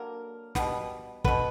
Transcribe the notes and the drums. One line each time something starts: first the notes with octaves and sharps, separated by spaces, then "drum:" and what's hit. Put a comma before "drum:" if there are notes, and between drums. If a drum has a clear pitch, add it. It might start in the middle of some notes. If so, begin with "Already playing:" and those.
Already playing: D3 F#3 A#3 A#4
B2 G3 B3, drum: snare
B2 F#3 B3 B4, drum: kick